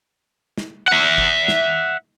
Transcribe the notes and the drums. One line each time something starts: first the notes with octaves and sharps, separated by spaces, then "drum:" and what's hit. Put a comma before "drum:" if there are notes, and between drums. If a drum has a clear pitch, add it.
drum: snare
E5 F#5
drum: kick
drum: snare